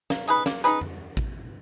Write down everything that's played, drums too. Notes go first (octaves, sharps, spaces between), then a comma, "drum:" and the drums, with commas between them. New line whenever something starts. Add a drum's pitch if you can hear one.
A#3, drum: snare
D#4 G#4 B4
A#3, drum: snare
D#4 G#4 B4
drum: tom F2
drum: kick